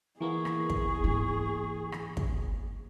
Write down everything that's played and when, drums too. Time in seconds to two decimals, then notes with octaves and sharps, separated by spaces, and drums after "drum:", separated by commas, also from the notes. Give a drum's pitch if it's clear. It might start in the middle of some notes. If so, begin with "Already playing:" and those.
0.21 E3 A#3 B3 G#4 C#6
0.45 drum: rim click
0.70 drum: kick
1.04 G#2 E4
1.92 drum: rim click
2.17 drum: kick